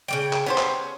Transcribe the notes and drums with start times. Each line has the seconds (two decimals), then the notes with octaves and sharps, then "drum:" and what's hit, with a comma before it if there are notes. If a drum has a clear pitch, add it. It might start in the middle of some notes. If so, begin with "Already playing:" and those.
0.08 C#3 G3 G5
0.33 drum: clap
0.46 B3 C#4 G4 C5
0.58 drum: clap